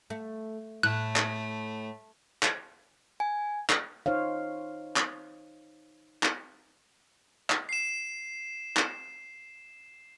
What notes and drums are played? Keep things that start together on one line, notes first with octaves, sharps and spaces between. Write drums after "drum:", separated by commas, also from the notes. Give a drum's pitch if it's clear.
A3
A2 A3 F#6
drum: clap
drum: clap
G#5
drum: clap
D#4 C5 C#5 F5
drum: clap
drum: clap
drum: clap
C7 E7
drum: clap